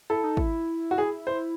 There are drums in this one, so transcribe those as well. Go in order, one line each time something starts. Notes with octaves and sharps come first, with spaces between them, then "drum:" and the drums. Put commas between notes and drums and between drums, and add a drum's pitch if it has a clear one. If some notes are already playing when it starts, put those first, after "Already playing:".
E4 A4
D#4
E4, drum: kick
F#4
G#4
C5